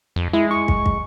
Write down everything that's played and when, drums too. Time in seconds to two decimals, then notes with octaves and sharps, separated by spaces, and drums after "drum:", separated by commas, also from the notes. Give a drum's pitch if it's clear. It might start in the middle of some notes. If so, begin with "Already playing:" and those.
0.16 F2
0.33 G#3 E4
0.51 C#6
0.68 drum: kick
0.86 drum: kick